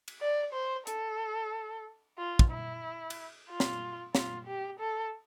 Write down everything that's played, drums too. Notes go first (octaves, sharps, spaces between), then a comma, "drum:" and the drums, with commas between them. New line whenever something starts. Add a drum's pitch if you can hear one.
drum: cymbal
D5
C5
A4, drum: hi-hat
F4
drum: kick
E4
drum: cymbal
F4
drum: snare
F4, drum: snare
G4
A4